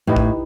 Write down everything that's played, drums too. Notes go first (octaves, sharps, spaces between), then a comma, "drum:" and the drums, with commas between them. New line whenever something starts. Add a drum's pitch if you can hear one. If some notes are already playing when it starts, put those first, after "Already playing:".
A2 D#4 G4 B4 D#5
drum: kick A1